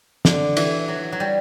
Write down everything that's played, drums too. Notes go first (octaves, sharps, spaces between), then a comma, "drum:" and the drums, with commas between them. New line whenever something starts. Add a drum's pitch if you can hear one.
D3, drum: snare
E3, drum: cymbal
F#3
F#3
G3